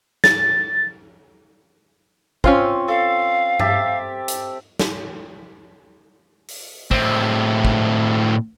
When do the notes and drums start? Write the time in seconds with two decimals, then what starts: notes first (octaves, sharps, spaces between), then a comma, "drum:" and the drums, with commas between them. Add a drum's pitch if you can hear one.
0.24 A6, drum: snare
2.44 C4 C#4 F4 C5 G#5 C6, drum: kick
2.88 A4 F5
3.60 G4 E5 A5, drum: tom G2
4.28 drum: hi-hat
4.79 drum: snare
6.48 drum: open hi-hat
6.91 A2 C4, drum: kick
7.65 drum: kick